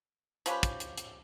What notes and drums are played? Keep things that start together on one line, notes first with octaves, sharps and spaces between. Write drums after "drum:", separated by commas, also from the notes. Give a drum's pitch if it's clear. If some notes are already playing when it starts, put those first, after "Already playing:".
F3 C#4 G4 B4, drum: hi-hat
drum: kick, hi-hat
drum: hi-hat
drum: hi-hat